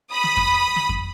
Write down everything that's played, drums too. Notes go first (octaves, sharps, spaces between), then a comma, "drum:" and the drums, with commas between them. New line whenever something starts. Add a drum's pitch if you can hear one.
B5 D#6
drum: snare
drum: kick F2
drum: snare
drum: kick F2